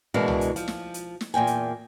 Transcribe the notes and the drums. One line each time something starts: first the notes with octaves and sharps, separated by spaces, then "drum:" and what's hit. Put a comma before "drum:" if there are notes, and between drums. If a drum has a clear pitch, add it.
B2 E3 G#3 D4 F#4 A#4
drum: tom
drum: hi-hat
F3, drum: hi-hat
drum: snare
drum: hi-hat
drum: snare
E2 A#2 G5 G#5
drum: hi-hat